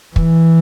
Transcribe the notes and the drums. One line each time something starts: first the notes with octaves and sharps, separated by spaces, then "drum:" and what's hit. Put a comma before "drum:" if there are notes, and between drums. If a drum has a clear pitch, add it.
E3, drum: kick